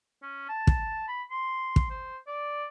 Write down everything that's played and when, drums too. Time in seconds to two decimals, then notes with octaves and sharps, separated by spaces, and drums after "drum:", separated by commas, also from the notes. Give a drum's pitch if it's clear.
0.23 C#4
0.49 A5
0.67 drum: kick
1.08 B5
1.31 C6
1.76 drum: kick
1.90 C5
2.27 D5